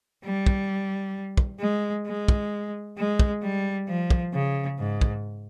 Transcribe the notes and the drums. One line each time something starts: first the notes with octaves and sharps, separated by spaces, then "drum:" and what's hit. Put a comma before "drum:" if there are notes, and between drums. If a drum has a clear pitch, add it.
G3
drum: kick
drum: kick
G#3
G#3
drum: kick
G#3
drum: kick
G3
F3
drum: kick
C#3
G#2
drum: kick